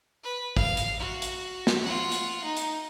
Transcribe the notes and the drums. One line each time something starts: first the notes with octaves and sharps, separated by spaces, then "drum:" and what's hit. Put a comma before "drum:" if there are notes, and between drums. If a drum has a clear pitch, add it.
B4
F5, drum: kick
drum: hi-hat
F#4
drum: hi-hat
drum: snare
F4 F#5
drum: hi-hat
D#4
drum: hi-hat